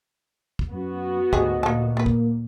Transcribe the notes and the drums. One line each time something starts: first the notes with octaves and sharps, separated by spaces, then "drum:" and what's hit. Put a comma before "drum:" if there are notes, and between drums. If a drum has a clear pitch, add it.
drum: kick
F#2 B3 F#4
D2 G#2 G4 G#4 D#5, drum: kick
A#2 A#3 A5
A#3 B3 B4
drum: kick